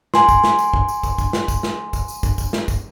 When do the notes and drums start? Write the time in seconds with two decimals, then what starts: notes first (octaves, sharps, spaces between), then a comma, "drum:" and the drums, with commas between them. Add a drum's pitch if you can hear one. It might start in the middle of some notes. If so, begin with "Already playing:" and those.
0.14 G#5 C6, drum: snare
0.29 drum: kick, tambourine
0.44 drum: snare
0.59 drum: tambourine
0.73 drum: kick
0.88 drum: tambourine
1.03 drum: kick, tambourine
1.18 drum: kick, tambourine
1.33 drum: snare
1.48 drum: kick, tambourine
1.63 drum: snare
1.93 drum: kick, tambourine
2.08 drum: tambourine
2.23 drum: kick, tambourine
2.38 drum: kick, tambourine
2.53 drum: snare
2.68 drum: kick, tambourine